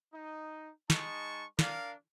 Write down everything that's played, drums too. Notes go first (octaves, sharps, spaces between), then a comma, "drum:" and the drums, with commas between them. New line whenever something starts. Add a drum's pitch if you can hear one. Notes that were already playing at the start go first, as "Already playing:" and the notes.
D#4
G#3 D#4 A5 C#6, drum: snare
D4 A#4 D5 F5, drum: snare